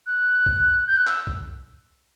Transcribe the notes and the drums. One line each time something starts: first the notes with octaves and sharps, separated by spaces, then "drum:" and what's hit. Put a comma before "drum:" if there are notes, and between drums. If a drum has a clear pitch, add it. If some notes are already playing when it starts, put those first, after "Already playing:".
F#6
drum: kick B1
G6
F#6
E6, drum: clap
drum: kick B1